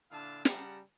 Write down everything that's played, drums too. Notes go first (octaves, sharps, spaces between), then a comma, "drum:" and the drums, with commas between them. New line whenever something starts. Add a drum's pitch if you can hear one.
A#2 D3 D4 E4 F5 A5
C#3 G3 G4 F#5 A5 A#5, drum: snare